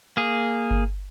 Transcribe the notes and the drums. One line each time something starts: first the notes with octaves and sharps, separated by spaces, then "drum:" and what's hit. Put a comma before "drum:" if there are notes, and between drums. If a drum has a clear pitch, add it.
A#3 G#4
drum: kick G1